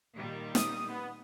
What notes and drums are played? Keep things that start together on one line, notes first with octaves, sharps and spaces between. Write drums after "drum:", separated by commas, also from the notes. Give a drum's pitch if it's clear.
A#2 D#3 G3
D#6, drum: snare
B3